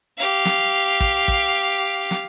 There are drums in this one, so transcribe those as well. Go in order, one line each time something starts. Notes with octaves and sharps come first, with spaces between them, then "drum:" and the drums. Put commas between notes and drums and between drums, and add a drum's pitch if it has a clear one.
G4 F5
drum: snare
drum: kick
drum: kick
drum: snare